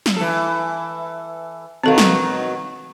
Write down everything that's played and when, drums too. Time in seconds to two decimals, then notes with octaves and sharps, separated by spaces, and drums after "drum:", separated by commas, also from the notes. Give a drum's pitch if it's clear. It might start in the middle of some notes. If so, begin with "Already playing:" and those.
0.06 drum: snare
0.17 E3 A4
1.84 B2 D#3 F#3 C4 A4 F5
1.98 drum: snare